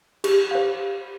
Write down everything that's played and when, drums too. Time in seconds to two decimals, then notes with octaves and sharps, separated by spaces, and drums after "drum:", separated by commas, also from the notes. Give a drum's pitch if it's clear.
0.24 G4, drum: cymbal
0.51 C5 F5